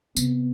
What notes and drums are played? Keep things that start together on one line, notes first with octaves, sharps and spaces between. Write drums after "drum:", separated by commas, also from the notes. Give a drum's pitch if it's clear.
C3 B3, drum: tambourine